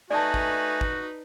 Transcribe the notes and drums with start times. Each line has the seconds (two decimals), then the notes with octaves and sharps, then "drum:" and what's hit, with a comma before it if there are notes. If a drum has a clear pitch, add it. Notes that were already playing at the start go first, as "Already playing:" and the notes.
0.10 A3 D#4 F#4 B4 D5 G#5 A5
0.34 drum: kick
0.81 drum: kick